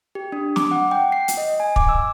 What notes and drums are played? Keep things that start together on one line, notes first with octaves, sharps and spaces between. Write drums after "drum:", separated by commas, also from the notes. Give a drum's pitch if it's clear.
G4
D4
D6, drum: snare
F#5
G5
C7
drum: hi-hat
D#5
G#5
D6, drum: kick
E6